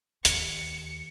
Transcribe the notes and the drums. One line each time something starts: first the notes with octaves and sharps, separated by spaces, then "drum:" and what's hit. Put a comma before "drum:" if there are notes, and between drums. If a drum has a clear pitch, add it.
D#2 C#7, drum: hi-hat